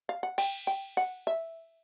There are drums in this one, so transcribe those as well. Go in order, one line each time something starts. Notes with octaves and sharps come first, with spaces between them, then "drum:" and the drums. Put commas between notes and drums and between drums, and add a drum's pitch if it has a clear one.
F5
F#5
G5, drum: cymbal
G5
F#5
E5